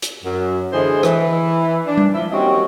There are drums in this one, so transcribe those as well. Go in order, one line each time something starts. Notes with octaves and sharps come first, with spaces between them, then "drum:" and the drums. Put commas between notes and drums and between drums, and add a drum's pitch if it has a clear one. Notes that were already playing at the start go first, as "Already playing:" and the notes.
drum: hi-hat
F#2
D3 E3 G#3 G#4 C5
E3, drum: rim click
D4
drum: tom G3
F3 E4
D#2 C4 C#4 F#4 G4 D#5